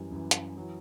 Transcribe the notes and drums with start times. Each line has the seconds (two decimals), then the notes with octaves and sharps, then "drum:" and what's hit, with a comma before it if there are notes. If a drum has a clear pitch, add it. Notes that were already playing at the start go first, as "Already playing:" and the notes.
Already playing: F#2 E3 G3
0.11 F#2 E3
0.31 drum: hi-hat
0.57 E3 F#3